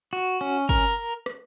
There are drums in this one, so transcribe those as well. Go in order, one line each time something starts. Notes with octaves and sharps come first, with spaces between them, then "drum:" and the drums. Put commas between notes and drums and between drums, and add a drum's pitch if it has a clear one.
F#4
C#4
A#4, drum: kick
drum: rim click